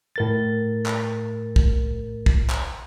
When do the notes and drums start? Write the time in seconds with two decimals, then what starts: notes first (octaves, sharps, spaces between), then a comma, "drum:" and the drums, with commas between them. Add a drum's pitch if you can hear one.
0.16 A2 A#4 A6
0.86 drum: clap
1.56 drum: kick
2.26 drum: kick
2.50 drum: clap